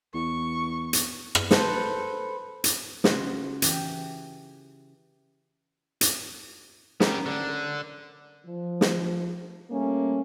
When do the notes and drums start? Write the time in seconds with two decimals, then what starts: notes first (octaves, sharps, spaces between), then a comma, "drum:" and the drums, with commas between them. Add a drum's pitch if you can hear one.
0.14 E2 C#6
0.93 drum: hi-hat
1.35 drum: rim click
1.51 A4 B4 C5, drum: snare
2.64 drum: hi-hat
3.04 C#3 F4 F#4, drum: snare
3.62 E3 G4, drum: hi-hat
6.01 drum: hi-hat
7.00 B3 C#4 G4 A#4, drum: snare
7.26 D3
8.47 F3
8.81 drum: snare
9.70 G3 A3 A#3 C#4